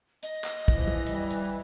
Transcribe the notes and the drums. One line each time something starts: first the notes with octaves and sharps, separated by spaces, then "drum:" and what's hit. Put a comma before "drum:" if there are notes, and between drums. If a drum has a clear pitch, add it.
D#5, drum: hi-hat
drum: clap
E3 F3, drum: kick
drum: tom
G3, drum: hi-hat
drum: hi-hat